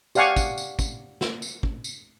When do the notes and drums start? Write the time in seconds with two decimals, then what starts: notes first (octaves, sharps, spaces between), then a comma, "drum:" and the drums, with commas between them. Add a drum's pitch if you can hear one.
0.15 G4 D5 F5 F#5 G#5 C#6, drum: tambourine
0.36 drum: kick, tambourine
0.58 drum: tambourine
0.79 drum: kick, tambourine
1.21 drum: snare
1.42 drum: tambourine
1.63 drum: kick
1.84 drum: tambourine